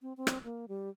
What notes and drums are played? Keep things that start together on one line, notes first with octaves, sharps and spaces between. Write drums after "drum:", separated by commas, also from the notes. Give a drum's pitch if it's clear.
C4
C4
drum: rim click
A#3
G3